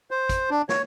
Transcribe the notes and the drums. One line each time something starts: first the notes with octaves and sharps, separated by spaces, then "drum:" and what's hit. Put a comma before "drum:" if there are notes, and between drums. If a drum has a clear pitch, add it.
C5
drum: kick, hi-hat
D4
C#5, drum: snare